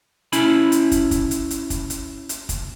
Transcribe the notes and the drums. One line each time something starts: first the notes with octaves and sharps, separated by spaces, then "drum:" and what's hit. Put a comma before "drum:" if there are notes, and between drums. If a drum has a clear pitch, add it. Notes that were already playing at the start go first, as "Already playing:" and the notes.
C#4 E4 B5, drum: hi-hat
drum: hi-hat
drum: kick, hi-hat
drum: kick, hi-hat
drum: hi-hat
drum: hi-hat
drum: kick, hi-hat
drum: hi-hat
drum: hi-hat
drum: kick, hi-hat